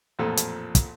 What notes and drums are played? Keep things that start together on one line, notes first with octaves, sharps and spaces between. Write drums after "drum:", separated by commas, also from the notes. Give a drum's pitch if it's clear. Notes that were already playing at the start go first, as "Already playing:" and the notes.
A1 F2 A#2 A3 A4
drum: hi-hat
drum: kick, hi-hat